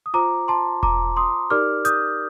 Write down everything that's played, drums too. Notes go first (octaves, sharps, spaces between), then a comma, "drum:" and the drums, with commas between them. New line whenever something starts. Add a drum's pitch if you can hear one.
D#6
F4 C5 A#5 D6
A5 C6
A#5 D6, drum: kick E1
C6 D#6
D#4 G4 A#4 D5 D6 F6
D#6 G6, drum: hi-hat